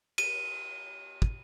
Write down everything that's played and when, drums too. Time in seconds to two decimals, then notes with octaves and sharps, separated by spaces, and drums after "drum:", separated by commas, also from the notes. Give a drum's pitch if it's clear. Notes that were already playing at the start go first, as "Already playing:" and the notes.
0.18 D#7, drum: cymbal
1.22 drum: kick